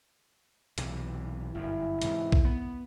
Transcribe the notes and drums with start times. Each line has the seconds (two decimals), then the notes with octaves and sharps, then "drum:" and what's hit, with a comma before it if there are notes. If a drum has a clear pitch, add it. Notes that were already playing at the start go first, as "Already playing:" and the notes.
0.78 B1 C3 E3, drum: hi-hat
1.55 G1 F#2 E4
2.02 G#2 C3 E3, drum: hi-hat
2.32 drum: kick A#1
2.45 B3